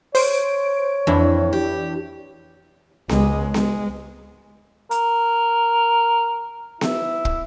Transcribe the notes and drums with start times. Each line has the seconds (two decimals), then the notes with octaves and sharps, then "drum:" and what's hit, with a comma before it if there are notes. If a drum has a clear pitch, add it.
0.15 C5 C#5 D7, drum: open hi-hat
1.07 F2 E3 D4 E4
1.53 G4
3.09 C#2 G#3, drum: snare B3
3.54 G#3, drum: snare B3
4.91 A#4, drum: hi-hat
6.81 E4, drum: snare B3
7.25 drum: kick